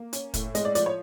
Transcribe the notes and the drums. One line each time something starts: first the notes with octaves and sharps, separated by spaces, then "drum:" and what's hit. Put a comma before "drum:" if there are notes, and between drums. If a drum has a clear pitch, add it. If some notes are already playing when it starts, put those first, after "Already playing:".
Already playing: A#3
C#4, drum: hi-hat
A2, drum: kick, hi-hat
G#3 D#5, drum: hi-hat
D5
F3 D5, drum: hi-hat
C#5